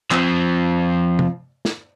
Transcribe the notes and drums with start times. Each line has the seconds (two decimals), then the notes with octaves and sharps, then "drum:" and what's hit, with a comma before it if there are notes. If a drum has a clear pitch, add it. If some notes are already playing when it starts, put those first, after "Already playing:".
0.11 F3 C4, drum: clap
1.19 drum: tom
1.65 drum: snare